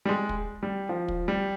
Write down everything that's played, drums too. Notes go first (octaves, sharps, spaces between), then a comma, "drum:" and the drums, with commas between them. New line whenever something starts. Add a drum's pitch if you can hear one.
G3
G#3
drum: kick
G3
F3
drum: kick
G3